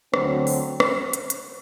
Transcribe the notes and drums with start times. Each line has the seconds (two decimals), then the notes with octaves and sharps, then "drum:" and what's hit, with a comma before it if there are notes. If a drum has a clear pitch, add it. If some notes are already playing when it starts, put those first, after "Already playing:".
0.14 D2 D3 F#3 C4, drum: rim click
0.47 drum: open hi-hat
0.80 drum: rim click
1.13 drum: hi-hat
1.30 drum: hi-hat